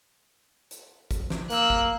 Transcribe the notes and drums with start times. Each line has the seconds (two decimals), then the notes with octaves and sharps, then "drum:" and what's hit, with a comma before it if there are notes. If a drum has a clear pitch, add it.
0.71 drum: hi-hat
1.11 drum: kick A1, hi-hat
1.30 drum: snare
1.50 A#3 E6 F#6, drum: hi-hat
1.70 drum: kick A1